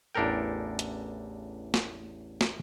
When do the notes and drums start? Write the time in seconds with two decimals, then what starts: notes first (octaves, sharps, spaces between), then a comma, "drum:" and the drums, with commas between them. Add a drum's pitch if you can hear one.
0.15 A1 E2 D4 A4 A#4 G5
0.79 drum: hi-hat
1.74 drum: snare
2.41 drum: snare